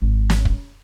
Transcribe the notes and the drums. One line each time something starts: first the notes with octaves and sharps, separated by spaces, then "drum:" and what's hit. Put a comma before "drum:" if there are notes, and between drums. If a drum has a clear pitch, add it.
G#1
drum: snare
drum: kick